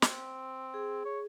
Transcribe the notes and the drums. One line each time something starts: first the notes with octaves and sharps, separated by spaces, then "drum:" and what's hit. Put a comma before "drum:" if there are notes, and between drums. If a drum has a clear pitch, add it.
C4, drum: snare
G#4
C#5